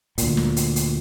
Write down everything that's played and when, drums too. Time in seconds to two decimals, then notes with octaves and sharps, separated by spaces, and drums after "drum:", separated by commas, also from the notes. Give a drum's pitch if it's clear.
0.18 D2 A#2, drum: hi-hat
0.37 drum: snare
0.57 drum: hi-hat
0.76 drum: hi-hat